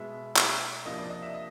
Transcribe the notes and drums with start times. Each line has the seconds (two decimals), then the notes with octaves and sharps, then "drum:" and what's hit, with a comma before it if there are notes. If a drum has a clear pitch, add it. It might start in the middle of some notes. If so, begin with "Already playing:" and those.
Already playing: B2 G#3 B3 E5
0.37 drum: clap
0.86 C3 F3 A#3 D4 D#5
0.98 D5
1.10 D#5
1.22 E5
1.34 D#5